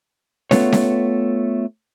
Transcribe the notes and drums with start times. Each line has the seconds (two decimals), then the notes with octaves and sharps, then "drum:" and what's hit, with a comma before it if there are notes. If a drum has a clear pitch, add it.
0.51 A3 B3 F4 B4 C#5, drum: snare
0.72 drum: snare